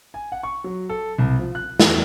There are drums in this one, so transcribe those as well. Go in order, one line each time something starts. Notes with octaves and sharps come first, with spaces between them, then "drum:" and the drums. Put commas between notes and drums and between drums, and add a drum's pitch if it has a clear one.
G#5
F#5
C#6
F#3
A4
C2
F3
F#6
E2, drum: snare